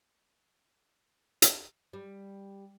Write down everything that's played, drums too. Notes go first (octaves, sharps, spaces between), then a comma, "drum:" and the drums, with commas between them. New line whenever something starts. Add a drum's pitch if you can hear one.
drum: hi-hat
G3